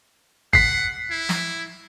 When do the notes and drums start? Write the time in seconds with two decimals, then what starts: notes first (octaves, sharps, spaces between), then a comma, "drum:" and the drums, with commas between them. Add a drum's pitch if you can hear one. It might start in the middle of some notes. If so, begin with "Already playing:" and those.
0.53 F#5 B6 C7, drum: kick G#1
1.11 E4
1.29 drum: snare